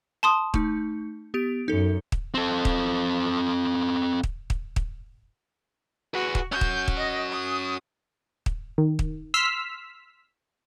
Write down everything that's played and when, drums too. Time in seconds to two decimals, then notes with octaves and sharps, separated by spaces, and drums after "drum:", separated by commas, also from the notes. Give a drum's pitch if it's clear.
0.23 A5 C6 D#6
0.54 A3 D#4, drum: kick
1.34 B3 G4 D7
1.68 F#2 D#4 A4
2.12 drum: kick
2.34 C4 A4
2.65 drum: kick
4.23 drum: kick
4.50 drum: kick
4.76 drum: kick
6.14 F#4 G#4 B4
6.35 drum: kick
6.52 C#4 F#4 G6
6.61 drum: kick
6.88 drum: kick
6.97 D#5
7.32 D#6
8.46 drum: kick
8.78 D#3
8.99 drum: kick
9.34 C6 E6 F6 B6